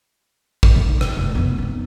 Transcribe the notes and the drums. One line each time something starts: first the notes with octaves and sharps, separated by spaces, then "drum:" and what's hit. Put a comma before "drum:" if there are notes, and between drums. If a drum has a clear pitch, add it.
drum: kick G#1
D3 D#4
drum: rim click
F1 F4
F2 B3
D4 D#4